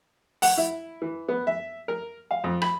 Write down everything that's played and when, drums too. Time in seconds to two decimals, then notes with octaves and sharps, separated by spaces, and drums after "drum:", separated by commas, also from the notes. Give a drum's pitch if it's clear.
0.42 F#5, drum: open hi-hat
0.58 E4
1.02 E3
1.28 B3
1.47 E5
1.88 A#4
2.31 F5
2.44 F2
2.62 B5, drum: rim click